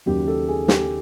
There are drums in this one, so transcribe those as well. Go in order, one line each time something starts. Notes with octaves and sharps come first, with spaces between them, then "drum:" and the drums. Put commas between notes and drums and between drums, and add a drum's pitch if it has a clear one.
D#2 C#3 F#3 G4
A4
G#4
G4, drum: snare